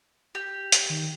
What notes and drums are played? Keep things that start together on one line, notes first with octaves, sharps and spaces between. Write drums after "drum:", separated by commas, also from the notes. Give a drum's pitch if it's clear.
G4
drum: hi-hat
D#3